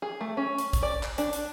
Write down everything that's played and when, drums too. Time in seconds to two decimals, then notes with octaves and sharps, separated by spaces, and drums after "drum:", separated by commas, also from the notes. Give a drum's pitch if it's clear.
0.02 G#4
0.21 A3
0.37 C#4
0.58 drum: hi-hat
0.73 drum: kick, hi-hat
0.83 D5
1.03 drum: clap
1.18 D4, drum: hi-hat
1.33 drum: hi-hat